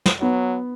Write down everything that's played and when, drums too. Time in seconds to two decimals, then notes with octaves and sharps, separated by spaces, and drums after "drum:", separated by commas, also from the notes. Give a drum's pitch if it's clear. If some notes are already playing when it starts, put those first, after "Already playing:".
0.06 drum: snare
0.20 F#3 B3